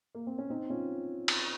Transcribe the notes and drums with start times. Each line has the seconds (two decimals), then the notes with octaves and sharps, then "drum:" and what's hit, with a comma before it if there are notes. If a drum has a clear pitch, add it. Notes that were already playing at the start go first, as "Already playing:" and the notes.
0.15 A#3
0.27 C4
0.38 C#4
0.50 C4 D#4
0.69 C#4 F4
1.28 drum: cymbal